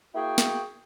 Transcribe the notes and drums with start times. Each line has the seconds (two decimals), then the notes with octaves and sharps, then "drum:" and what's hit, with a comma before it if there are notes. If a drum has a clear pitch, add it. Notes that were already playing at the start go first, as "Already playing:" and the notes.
0.14 A#3 E4 F#4 G#4 G5
0.38 drum: snare